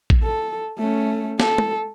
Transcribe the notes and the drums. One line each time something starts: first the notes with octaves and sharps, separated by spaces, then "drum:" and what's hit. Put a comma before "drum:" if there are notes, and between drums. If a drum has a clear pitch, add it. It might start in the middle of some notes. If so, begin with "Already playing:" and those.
drum: kick A1
A4
A3 C#4
A4, drum: snare
drum: tom G#3